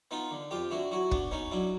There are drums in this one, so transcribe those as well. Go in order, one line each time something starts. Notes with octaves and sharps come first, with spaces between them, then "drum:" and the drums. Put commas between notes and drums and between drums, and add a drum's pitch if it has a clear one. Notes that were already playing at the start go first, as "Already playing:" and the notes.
B3 D#4 F4
D3
F2 F4 G4
D3 E4 F#4
F#3 E4 F#4
B3 D4, drum: kick
B3 C#4 D#4
F#3 D4 E4